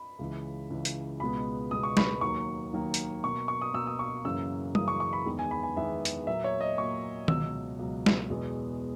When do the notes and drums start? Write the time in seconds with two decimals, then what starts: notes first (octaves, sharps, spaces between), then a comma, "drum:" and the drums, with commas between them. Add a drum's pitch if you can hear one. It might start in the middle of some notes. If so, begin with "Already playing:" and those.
Already playing: B5
0.19 C#2 C#3 E3
0.70 C#2 C#3 E3
0.85 drum: hi-hat
1.20 C#2 B2 G#3 B3 B5
1.71 C#2 B2 G#3 B3 D#6
1.83 C#6
1.97 B5, drum: snare
2.21 D#2 D#3 F#3 A#3 C#6
2.72 D#2 D#3 F#3 A#3
2.94 drum: hi-hat
3.24 B2 A#3 C#6
3.48 C#6
3.61 D#6
3.73 B2 A#3 E6
3.87 D#6
3.99 C#6
4.25 F#2 C#3 E3 A#3 E6
4.75 F#2 C#3 E3 A#3 D#6, drum: tom G3
4.88 C#6
5.00 C#6
5.13 B5
5.26 E2 D#3 G#3 B3
5.39 G#5
5.51 B5
5.63 G#5
5.76 E2 D#3 G#3 B3 E5
6.05 drum: hi-hat
6.27 A#2 F#3 A#3 E5
6.44 C#5
6.61 D#5
6.78 A#2 F#3 A#3 C#6
7.28 C#2 B2 F#3 E6, drum: tom D#3
7.79 C#2 B2 F#3
8.06 drum: snare
8.30 E2 B2 G#3 B3